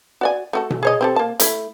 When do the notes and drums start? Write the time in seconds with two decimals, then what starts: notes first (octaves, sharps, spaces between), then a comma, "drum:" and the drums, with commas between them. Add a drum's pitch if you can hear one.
0.21 F#4 D5 G#5
0.53 A3 F#4 A4
0.70 drum: tom B2
0.83 G#4 C#5 D#5
1.01 C4 G4 A4
1.16 A#3 A5
1.40 A3 E4, drum: hi-hat